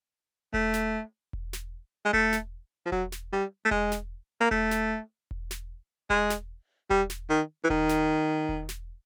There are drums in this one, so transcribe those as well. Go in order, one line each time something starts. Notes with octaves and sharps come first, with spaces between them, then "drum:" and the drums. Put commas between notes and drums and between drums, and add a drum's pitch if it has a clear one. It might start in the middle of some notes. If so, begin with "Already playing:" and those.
A3, drum: kick E1
drum: snare
drum: kick E1
drum: snare
G#3
A3, drum: kick E1
drum: snare
F3
F#3, drum: kick E1
drum: snare
G3
A3
G#3, drum: kick E1
drum: snare
A#3
A3, drum: kick E1
drum: snare
drum: kick E1
drum: snare
G#3, drum: kick E1
drum: snare
G3, drum: kick E1
drum: snare
D#3
E3
D#3, drum: kick E1
drum: snare
drum: kick E1
drum: snare